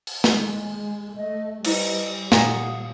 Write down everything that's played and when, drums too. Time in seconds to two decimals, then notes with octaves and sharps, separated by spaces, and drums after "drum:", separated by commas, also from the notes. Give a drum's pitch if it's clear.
0.07 drum: open hi-hat
0.24 G#3, drum: snare
1.15 A3 D#5
1.64 G3 E4 B4 C5 D#5, drum: cymbal
2.32 A#2 F5 F#5 D#6, drum: snare